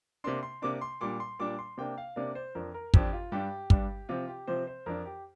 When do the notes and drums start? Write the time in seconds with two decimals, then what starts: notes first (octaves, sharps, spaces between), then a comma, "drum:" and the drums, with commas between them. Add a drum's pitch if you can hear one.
0.24 C3 A#3 D4 C6
0.43 C6
0.62 C3 A#3 D4 D6
0.81 C6
1.01 A#2 G3 D4 D6
1.20 C6
1.39 A#2 G3 D4 D6
1.59 C6
1.78 C3 A#3 D4 G5
1.98 F5
2.16 C3 A#3 D4 D5
2.35 C5
2.55 F2 F3 D4 A#4
2.74 A#4
2.94 F2 F3 D4 G4, drum: kick
3.13 F4
3.32 G2 G3 D4 G4
3.70 G2 G3 D4, drum: kick
4.09 C3 F3 C4 F4
4.28 G4
4.47 C3 F3 C4 C5
4.67 C5
4.86 F2 F3 D4 A#4
5.06 G4